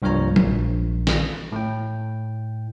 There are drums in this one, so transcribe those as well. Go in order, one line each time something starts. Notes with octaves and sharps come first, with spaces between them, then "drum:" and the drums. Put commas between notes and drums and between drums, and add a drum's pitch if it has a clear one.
C2 G2 F3 A#3 C#5 A#5
A#1, drum: tom
drum: snare
A2 G5